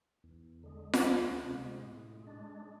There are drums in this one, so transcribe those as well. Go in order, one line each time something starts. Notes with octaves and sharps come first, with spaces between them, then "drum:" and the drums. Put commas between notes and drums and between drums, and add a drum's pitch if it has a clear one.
E2
D3 G#3
drum: snare F4
D2
C3 G#3
A2
G#3 D4